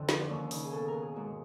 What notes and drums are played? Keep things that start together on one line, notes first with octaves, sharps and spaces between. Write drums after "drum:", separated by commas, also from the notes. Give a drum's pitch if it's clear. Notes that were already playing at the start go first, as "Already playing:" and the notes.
Already playing: F2 D3
F3, drum: snare
D4
D#2 C#4
C#3 D#4, drum: open hi-hat
G#4
B2 A4
A#4
B2
G#4
G#2 F#4